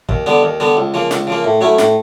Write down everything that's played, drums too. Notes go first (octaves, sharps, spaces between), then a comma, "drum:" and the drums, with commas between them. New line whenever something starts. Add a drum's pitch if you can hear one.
D#2, drum: kick
D3 G3 B3
D#2
D3 G3 B3
C#2
C#3 F3 A#3
C#2, drum: snare
C#3 F3 A#3
A2
F#3 A3 C#4 E4
A2, drum: snare